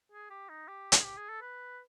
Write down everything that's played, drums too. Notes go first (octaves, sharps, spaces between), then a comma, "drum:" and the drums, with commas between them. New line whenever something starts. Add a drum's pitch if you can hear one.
G#4
G4
D#4
G4
G#4, drum: hi-hat
G4
G#4
A4
B4